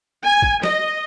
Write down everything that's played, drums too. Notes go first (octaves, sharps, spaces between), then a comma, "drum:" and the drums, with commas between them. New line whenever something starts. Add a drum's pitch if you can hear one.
G#5
drum: kick
D#5, drum: snare